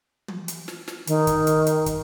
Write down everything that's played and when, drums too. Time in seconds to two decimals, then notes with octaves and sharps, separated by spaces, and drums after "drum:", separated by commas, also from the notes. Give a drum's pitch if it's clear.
0.28 drum: tom
0.48 drum: hi-hat
0.68 drum: snare
0.88 drum: snare
1.07 D#3, drum: hi-hat
1.27 drum: kick, hi-hat
1.47 drum: hi-hat
1.67 drum: hi-hat
1.86 drum: kick, hi-hat